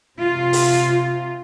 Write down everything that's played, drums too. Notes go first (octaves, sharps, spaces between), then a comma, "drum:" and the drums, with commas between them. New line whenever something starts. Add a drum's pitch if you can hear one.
C3 F4
drum: open hi-hat